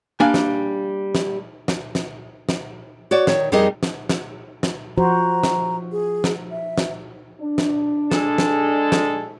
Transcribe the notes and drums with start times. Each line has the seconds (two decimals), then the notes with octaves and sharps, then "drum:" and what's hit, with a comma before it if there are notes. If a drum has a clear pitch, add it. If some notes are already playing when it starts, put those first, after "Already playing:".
0.20 G3 A#3 D4 F5 G#5
0.34 drum: snare
1.15 drum: snare
1.68 drum: snare
1.95 drum: snare
2.49 drum: snare
3.11 F#4 C#5 D5
3.27 D#3 C#5, drum: snare
3.52 F2 G3 D#4 G#4 A#4 D#5
3.83 drum: snare
4.09 drum: snare
4.63 drum: snare
4.98 F3 F#4 C5 A#5
5.43 drum: snare
5.92 G#4
6.24 drum: snare
6.51 E5
6.78 drum: snare
7.41 D4
7.58 drum: snare
8.11 G#3 A4, drum: snare
8.38 drum: snare
8.92 drum: snare